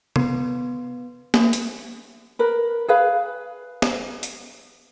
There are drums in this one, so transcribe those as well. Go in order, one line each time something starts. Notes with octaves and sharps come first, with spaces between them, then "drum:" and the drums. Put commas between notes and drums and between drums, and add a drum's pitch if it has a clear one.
B3, drum: tom C3
A#3, drum: snare
drum: hi-hat
A#4 B4
G#4 B4 F5
drum: snare
drum: hi-hat